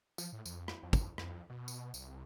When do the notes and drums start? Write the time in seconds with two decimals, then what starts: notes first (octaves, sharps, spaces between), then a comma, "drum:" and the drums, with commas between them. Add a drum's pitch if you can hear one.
0.18 F3, drum: tambourine
0.33 A2
0.46 F2, drum: tambourine
0.68 drum: rim click
0.83 F2
0.93 drum: kick, tambourine
1.18 F2, drum: rim click
1.50 B2
1.68 drum: tambourine
1.94 C2, drum: tambourine